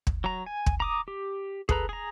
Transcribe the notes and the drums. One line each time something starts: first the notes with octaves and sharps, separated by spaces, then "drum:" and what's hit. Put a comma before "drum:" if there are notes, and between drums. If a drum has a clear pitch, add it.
drum: kick
F#3 A#5
G#5
drum: kick
A#5 D6 D#6
G4
G#4 A4 B4 A#5, drum: kick
G#4 A#5